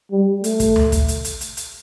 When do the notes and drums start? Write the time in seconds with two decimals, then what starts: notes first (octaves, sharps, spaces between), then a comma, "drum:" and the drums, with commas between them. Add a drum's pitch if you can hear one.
0.11 G3
0.44 A3, drum: hi-hat
0.60 drum: kick, hi-hat
0.76 drum: tom D2
0.92 drum: kick, hi-hat
1.08 drum: hi-hat
1.25 drum: hi-hat
1.41 drum: hi-hat
1.57 drum: hi-hat